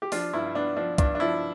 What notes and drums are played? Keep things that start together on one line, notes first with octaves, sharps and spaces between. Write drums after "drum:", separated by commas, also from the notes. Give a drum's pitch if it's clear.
G4
F3 D4 F4, drum: open hi-hat
G2 E4
B3 D4
F3 D4
G2 D4, drum: kick, hi-hat
D4
F3 E4